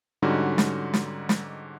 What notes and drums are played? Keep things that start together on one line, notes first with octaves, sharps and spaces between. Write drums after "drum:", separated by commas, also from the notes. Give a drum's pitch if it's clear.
G#2 D3 G3 C#4 D#4 F#4
drum: snare
drum: snare
drum: snare